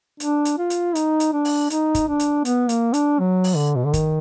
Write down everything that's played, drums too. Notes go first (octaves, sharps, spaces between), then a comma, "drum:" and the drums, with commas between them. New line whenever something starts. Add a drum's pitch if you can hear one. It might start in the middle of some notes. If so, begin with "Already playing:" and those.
D4, drum: hi-hat
drum: hi-hat
F4
drum: hi-hat
D#4, drum: hi-hat
drum: hi-hat
D4
drum: open hi-hat
D#4, drum: hi-hat
drum: kick, hi-hat
D4
drum: hi-hat
B3, drum: hi-hat
A#3, drum: hi-hat
D4, drum: hi-hat
F#3
drum: open hi-hat
D3
B2
D3
D#3, drum: kick, hi-hat